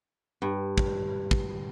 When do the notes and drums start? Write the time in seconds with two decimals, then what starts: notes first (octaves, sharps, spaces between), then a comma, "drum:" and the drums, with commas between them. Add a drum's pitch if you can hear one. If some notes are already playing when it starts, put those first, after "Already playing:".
0.42 G2
0.78 drum: kick
1.31 drum: kick